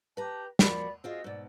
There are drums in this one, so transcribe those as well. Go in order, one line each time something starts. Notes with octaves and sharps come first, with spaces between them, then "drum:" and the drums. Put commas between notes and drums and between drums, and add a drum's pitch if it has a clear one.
G4 B4 A5 A#5
F3 A#3 F#4 D5 B5, drum: snare
C4 F4 F#4 G#4 D#5 E6
G#2 B2 D5 E6